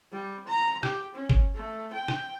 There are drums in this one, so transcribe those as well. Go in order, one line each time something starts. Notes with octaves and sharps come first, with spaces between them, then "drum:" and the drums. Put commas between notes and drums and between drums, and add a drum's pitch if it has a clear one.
G3
A#5
G4, drum: rim click
C#4
drum: kick
A3
G5
drum: rim click